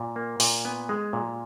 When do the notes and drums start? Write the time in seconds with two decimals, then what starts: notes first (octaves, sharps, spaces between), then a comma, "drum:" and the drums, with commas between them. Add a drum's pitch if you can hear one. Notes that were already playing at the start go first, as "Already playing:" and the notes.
Already playing: A#2
0.16 A#3
0.40 A#2, drum: open hi-hat
0.65 B3 G#5
0.89 G#3
1.13 A#2